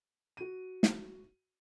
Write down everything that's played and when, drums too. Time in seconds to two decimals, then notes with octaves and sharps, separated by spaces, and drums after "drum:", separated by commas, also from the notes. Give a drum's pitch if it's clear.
0.37 F#4 D#7
0.83 drum: snare